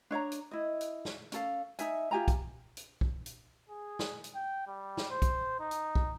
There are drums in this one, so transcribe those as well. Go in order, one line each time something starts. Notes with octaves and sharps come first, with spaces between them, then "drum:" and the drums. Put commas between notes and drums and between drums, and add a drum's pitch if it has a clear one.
D4 C#5 E5 A#5
drum: hi-hat
E4 D#5
drum: hi-hat
drum: snare
C#4 A4 F5, drum: hi-hat
D#4 E5 G#5, drum: hi-hat
F4 G4 G#5 A#5
drum: kick, hi-hat
drum: hi-hat
drum: kick
drum: hi-hat
G#4
drum: snare
drum: hi-hat
G5
G3
drum: snare
C5
drum: kick, hi-hat
D#4
drum: hi-hat
drum: kick